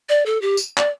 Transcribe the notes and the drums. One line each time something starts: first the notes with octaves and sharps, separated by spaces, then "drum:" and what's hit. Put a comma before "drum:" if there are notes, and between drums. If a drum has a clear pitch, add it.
D5
A4
G4
drum: tambourine
D5, drum: clap